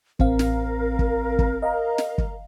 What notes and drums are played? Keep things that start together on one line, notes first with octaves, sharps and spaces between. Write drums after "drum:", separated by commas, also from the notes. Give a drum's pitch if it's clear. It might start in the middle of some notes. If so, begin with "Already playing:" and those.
A1 C4 A#4 F5, drum: kick
drum: snare
drum: kick
drum: kick
D#5 F5 A#5
drum: snare
drum: kick